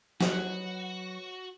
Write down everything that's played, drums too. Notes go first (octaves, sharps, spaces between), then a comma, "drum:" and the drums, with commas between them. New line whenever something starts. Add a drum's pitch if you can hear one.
F#3 F#4 B4 C#5 D#5, drum: snare